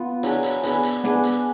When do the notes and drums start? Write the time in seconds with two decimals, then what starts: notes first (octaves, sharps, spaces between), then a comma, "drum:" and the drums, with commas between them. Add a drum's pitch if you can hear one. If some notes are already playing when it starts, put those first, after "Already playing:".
Already playing: B3 F4
0.23 F#3 D4 G#4, drum: hi-hat
0.43 drum: hi-hat
0.63 B3 D4 G#4, drum: hi-hat
0.83 drum: hi-hat
1.04 B3 D4 G#4, drum: snare
1.24 drum: hi-hat